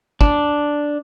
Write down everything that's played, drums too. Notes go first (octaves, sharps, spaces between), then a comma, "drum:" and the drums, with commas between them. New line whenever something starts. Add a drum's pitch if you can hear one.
D4, drum: kick